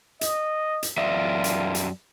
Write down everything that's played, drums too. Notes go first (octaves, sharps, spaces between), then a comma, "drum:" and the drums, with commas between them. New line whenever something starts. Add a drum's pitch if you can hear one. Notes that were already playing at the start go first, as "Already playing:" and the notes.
D#5, drum: hi-hat
drum: hi-hat
F#2 F4 D5 E5
drum: hi-hat
drum: hi-hat